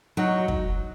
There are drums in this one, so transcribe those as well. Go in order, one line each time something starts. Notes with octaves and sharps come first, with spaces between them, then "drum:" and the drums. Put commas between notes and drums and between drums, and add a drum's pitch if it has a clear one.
F#3 D#4 F#4
drum: kick